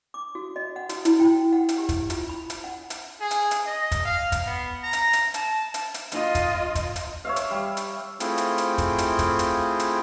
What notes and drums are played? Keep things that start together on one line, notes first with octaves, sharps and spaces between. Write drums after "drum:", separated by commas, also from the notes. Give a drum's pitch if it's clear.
D6
F#4
D#5
F#5
F#4, drum: hi-hat
E4, drum: hi-hat
G5
F#5
drum: hi-hat
G4
drum: kick, hi-hat
F4, drum: hi-hat
B5
drum: hi-hat
F#5
drum: hi-hat
G#4
drum: hi-hat
drum: hi-hat
D#5
drum: kick, hi-hat
F5
drum: kick, hi-hat
B3
A#5
drum: hi-hat
drum: hi-hat
A5, drum: hi-hat
drum: hi-hat
drum: hi-hat
F4 D#5, drum: hi-hat
drum: kick, hi-hat
drum: kick, hi-hat
drum: hi-hat
C#5 E5 F5
drum: hi-hat
G3
drum: hi-hat
A3 C4 E4 F4 G#4 G5, drum: hi-hat
drum: hi-hat
drum: hi-hat
drum: kick, hi-hat
drum: hi-hat
drum: kick, hi-hat
drum: hi-hat
drum: hi-hat